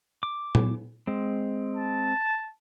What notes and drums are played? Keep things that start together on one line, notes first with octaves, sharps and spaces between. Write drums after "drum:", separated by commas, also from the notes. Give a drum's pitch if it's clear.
D6
drum: tom A#2
G#3 C4
A5